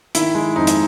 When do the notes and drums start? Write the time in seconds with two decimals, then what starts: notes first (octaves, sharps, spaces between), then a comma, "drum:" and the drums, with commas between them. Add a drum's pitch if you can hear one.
0.15 D#3 E4, drum: hi-hat
0.35 G#3
0.56 F2 D#4
0.67 drum: hi-hat